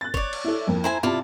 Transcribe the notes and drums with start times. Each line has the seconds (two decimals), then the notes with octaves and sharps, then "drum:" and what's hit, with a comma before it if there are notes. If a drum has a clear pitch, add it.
0.01 F#6 A6
0.14 C#5 D5, drum: kick
0.33 drum: cymbal
0.44 E4 A4
0.67 F2 A#3
0.84 E4 C5 G#5 A#5
1.03 C3 E4 F4 D5 A5